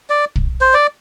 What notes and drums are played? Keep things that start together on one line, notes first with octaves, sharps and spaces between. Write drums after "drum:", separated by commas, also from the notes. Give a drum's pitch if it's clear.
D5
drum: kick
C5
D5